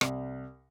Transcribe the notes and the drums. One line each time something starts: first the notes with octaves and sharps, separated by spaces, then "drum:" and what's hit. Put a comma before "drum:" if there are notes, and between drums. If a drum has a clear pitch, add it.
C2, drum: rim click